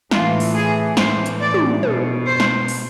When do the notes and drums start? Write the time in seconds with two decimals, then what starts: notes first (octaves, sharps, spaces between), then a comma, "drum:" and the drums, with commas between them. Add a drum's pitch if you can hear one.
0.11 A2 E3 F4, drum: snare
0.40 drum: open hi-hat
0.54 G#4
0.97 A2 C5, drum: snare
1.02 E3
1.26 drum: hi-hat
1.40 D5
1.54 drum: tom
1.83 B2, drum: tom
2.26 C5
2.40 drum: snare
2.68 drum: open hi-hat